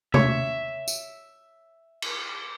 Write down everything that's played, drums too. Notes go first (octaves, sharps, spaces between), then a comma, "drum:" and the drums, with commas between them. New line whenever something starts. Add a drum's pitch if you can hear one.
C#5 E5, drum: tom C3
drum: tambourine
drum: cymbal